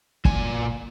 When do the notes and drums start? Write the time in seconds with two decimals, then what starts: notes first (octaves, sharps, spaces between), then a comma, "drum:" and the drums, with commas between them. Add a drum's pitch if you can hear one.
0.25 A#2 G#5, drum: kick